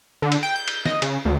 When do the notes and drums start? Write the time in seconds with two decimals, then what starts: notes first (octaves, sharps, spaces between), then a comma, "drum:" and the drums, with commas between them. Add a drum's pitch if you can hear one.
0.22 D3
0.32 drum: cymbal
0.43 G5
0.56 G6
0.68 drum: cymbal
0.86 D#5, drum: snare
1.02 C#3, drum: cymbal
1.25 D2